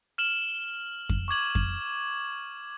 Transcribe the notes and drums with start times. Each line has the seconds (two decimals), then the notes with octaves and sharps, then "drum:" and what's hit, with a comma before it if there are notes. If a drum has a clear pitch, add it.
0.18 F6 E7 F#7 G7
1.10 drum: kick F2
1.28 C#6 D6 G#6 F#7
1.55 drum: kick F2